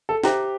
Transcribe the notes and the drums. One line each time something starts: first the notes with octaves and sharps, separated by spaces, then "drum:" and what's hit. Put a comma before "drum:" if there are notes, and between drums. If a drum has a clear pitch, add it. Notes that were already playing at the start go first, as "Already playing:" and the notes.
A4
G4 C5 E5 G5 A#5, drum: snare